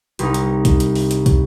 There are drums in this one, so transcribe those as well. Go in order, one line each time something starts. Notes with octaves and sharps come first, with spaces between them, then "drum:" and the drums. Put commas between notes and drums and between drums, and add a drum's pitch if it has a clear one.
C2 D#4, drum: hi-hat
drum: hi-hat
drum: kick, hi-hat
drum: hi-hat
drum: open hi-hat
drum: hi-hat
drum: kick, hi-hat